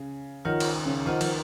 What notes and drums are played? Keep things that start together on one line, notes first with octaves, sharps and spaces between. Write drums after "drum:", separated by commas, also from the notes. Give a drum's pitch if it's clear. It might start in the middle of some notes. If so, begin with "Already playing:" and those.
Already playing: C#3
D#3 F4 A#4 C#5 F#5
drum: cymbal
C#3
D#3 F4 C5 D#5 F#5
D#3, drum: cymbal